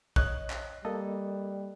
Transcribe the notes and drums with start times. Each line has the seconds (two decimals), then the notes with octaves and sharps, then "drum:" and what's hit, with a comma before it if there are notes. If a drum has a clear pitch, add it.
0.16 C#5 D#5 F#6, drum: kick
0.50 drum: clap
0.85 G3 A#3 A4 D#5